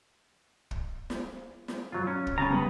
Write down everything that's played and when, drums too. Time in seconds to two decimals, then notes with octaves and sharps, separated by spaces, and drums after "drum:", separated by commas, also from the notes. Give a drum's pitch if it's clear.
0.71 drum: kick
1.10 drum: snare
1.68 drum: snare
1.92 F#3 F4
2.07 C#4
2.27 drum: kick
2.38 C#3 C#4 A5 A#5
2.50 G3 B3 B5